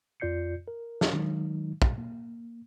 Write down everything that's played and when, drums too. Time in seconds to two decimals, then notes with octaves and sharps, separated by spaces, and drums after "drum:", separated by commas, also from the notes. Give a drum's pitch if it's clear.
0.20 F2 F4 D5 G6 C7 C#7
0.68 A#4
1.01 drum: snare
1.13 D#3 F#3 G#3 D#4
1.82 drum: kick
1.98 A#3